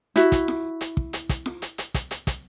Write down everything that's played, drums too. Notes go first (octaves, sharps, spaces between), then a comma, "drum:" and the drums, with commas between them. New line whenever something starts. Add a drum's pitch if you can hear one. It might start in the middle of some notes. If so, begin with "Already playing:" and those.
E4 F#4, drum: hi-hat
drum: kick, hi-hat
drum: snare F4
drum: hi-hat
drum: kick
drum: hi-hat
drum: kick, hi-hat
drum: snare F4
drum: hi-hat
drum: hi-hat
drum: kick, hi-hat
drum: hi-hat
drum: kick, hi-hat